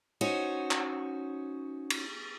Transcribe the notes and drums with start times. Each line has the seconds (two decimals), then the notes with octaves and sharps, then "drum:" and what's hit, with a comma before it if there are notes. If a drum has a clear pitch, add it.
0.21 C#4 D#4 F#4 C5 C#5
0.71 drum: clap
1.90 drum: cymbal